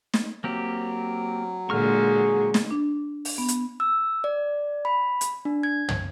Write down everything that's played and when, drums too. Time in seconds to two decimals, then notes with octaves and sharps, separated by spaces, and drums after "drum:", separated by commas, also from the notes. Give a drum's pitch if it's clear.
0.14 drum: snare
0.44 F#3 A#3 C4 G4
1.70 A#2 D3 G#3 G#4 C#6 F6
2.54 drum: snare
2.71 D4
3.25 drum: open hi-hat
3.38 B3
3.48 drum: hi-hat
3.80 E6
4.24 D5
4.85 B5
5.21 drum: hi-hat
5.45 D4
5.63 G#6
5.89 drum: tom